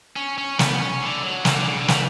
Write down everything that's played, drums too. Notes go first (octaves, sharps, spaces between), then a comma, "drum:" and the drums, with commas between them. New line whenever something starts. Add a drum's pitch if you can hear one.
C#4
C#4
B3, drum: snare
C#4
D3
F#3
E3, drum: snare
D3
C#3
D3
E3, drum: snare